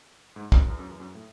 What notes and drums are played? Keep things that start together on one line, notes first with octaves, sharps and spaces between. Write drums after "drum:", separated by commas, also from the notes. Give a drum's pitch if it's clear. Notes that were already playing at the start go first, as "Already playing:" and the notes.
G#2
F#2, drum: kick
E2
F#2
E2
F#2
A2